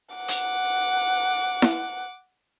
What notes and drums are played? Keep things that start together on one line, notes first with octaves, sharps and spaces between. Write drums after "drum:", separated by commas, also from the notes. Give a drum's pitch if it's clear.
F#5 D6
drum: hi-hat
drum: snare E4